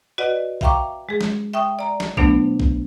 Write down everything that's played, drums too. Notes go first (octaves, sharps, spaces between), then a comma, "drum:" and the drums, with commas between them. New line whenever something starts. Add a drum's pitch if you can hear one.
F#4 B4 D5 D#5 F#5
E5 F5 G5 A#5 C#6 D6, drum: kick A#1
G#3 G#4
drum: snare
E5 G5 C#6 D#6
D5 A#5
drum: snare
B2 F#3 A3 B3 D4 C5, drum: kick A#1
drum: kick A#1